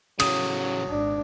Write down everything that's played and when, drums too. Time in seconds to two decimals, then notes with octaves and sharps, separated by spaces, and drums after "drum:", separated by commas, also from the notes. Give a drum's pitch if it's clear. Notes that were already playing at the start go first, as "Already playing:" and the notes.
0.20 A2 C#3 F#3 D#6, drum: cymbal
0.89 G#1 D4